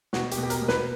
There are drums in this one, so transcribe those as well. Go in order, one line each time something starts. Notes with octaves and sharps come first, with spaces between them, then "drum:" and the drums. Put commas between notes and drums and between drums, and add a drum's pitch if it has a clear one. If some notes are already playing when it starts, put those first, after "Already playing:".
B2 F#4, drum: snare
G4, drum: hi-hat
B2
G4
A#4, drum: hi-hat
B2
B4, drum: snare